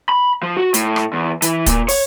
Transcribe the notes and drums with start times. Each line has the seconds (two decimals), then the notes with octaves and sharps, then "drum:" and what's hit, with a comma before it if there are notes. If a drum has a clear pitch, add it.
0.09 B5
0.43 F3
0.57 F#4
0.74 A2, drum: hi-hat
0.96 drum: rim click
1.13 E2
1.42 E3, drum: hi-hat
1.66 A#2, drum: kick, hi-hat
1.88 C#5, drum: open hi-hat